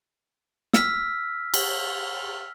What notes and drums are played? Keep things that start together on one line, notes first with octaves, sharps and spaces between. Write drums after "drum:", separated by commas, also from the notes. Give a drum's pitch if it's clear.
E6 F6 B6, drum: snare
drum: cymbal